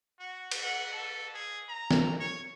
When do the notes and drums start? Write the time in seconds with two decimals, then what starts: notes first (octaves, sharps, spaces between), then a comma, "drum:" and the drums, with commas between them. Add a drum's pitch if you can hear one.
0.19 F#4
0.51 drum: cymbal
0.62 F#5
0.92 A4
1.34 G#4
1.69 A#5
1.91 drum: snare
2.20 C#5